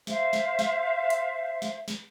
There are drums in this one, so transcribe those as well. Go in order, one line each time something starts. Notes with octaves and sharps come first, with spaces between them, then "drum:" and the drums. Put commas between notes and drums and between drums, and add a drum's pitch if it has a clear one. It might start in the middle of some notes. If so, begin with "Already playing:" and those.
C5 E5 F5, drum: snare
drum: snare
drum: snare
drum: hi-hat
drum: snare
drum: snare